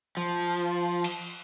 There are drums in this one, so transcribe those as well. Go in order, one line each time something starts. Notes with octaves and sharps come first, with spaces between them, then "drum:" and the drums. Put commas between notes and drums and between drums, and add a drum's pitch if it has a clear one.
F3
drum: cymbal